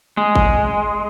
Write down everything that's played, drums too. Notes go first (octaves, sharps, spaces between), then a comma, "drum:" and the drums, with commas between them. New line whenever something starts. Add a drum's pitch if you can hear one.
G#3, drum: tom
drum: kick G#1